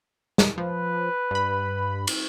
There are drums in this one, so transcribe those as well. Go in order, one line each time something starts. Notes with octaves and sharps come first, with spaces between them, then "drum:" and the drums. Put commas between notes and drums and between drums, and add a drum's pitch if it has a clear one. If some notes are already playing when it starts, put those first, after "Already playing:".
drum: snare
F3 B4
G2 B5
drum: cymbal